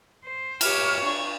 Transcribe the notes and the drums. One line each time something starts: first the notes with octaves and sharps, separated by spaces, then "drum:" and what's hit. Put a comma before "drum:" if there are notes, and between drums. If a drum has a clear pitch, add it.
C5
G4 C#5 F6, drum: cymbal
D4 C#6